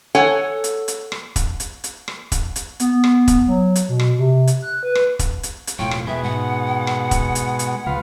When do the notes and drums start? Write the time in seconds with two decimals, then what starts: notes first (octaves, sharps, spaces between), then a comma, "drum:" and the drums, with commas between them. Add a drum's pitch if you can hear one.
0.15 A4 C#5 F#5 G#5
0.64 drum: hi-hat
0.88 drum: hi-hat
1.12 drum: rim click
1.36 drum: kick E1, hi-hat
1.60 drum: hi-hat
1.84 drum: hi-hat
2.08 drum: rim click
2.32 drum: kick E1, hi-hat
2.56 drum: hi-hat
2.80 B3, drum: hi-hat
3.04 drum: rim click
3.28 drum: kick E1, hi-hat
3.48 F#3
3.76 drum: hi-hat
3.89 B2
3.99 drum: rim click
4.18 C3
4.47 drum: hi-hat
4.62 F#6
4.83 B4
4.95 drum: rim click
5.19 drum: kick E1, hi-hat
5.43 drum: hi-hat
5.67 drum: hi-hat
5.79 E1 A2 F3 C#5 G5
5.91 drum: rim click
6.07 B2 G#3 E5
6.23 G#2 F#5
6.87 drum: rim click
7.11 drum: kick E1, hi-hat
7.35 drum: hi-hat
7.59 drum: hi-hat
7.86 C#2 F3 B4 F5